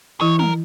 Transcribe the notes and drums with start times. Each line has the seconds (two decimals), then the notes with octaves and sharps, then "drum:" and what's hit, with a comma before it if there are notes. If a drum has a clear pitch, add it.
0.21 E3 E4 C#5
0.39 A#4, drum: tom